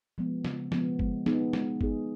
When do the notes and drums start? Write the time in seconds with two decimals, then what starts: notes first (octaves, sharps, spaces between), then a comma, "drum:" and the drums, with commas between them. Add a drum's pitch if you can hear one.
0.18 F3 G#3 B3
0.45 C#3, drum: snare
0.72 F3 G#3 B3, drum: snare
0.99 G#3, drum: kick G1
1.26 B3 D#4 G#4, drum: snare
1.53 G#3, drum: snare
1.81 B3 D#4 G#4, drum: kick G1